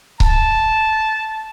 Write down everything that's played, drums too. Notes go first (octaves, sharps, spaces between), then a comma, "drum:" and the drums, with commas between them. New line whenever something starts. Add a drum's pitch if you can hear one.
A5, drum: kick C#1